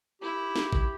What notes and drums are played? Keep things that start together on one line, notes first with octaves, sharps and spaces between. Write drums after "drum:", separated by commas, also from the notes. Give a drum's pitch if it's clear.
E4 G4
drum: snare
drum: kick A1